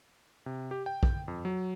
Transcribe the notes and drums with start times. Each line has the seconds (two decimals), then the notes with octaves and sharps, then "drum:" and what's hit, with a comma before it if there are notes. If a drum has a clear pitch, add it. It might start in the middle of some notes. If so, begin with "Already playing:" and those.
0.46 C3
0.71 G4
0.86 G5
1.03 drum: kick
1.28 F2
1.45 F#3